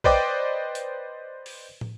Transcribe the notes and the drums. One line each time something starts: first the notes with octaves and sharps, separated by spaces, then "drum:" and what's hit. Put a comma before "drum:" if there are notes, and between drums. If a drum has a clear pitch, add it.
B4 C5 D5 D#5 G5 D6, drum: kick A#1
drum: hi-hat
drum: open hi-hat
drum: tom